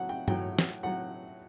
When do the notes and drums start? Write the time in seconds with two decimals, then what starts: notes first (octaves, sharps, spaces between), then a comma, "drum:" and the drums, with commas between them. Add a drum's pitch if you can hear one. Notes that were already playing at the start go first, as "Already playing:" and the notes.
Already playing: A2 F#3 F#5
0.09 G5
0.28 A2 F#3 G5, drum: tom G2
0.59 drum: snare
0.83 A2 F#3 F#5